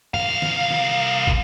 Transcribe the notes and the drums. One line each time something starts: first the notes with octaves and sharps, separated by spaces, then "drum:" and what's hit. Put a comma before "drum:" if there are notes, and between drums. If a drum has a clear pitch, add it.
C2 F5, drum: tom
drum: snare
drum: snare
drum: kick